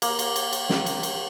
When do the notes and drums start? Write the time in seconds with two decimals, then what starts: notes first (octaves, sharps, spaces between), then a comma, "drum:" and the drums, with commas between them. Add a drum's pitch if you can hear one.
0.02 A#3, drum: cymbal
0.19 drum: cymbal
0.36 drum: cymbal
0.53 drum: cymbal
0.70 drum: snare
0.86 drum: cymbal
1.03 drum: cymbal